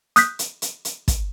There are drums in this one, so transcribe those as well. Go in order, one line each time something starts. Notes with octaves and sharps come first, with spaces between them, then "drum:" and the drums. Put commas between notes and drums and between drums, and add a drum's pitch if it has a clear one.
D#6 F#6 G6 B6, drum: hi-hat
drum: hi-hat
drum: hi-hat
drum: hi-hat
drum: kick, hi-hat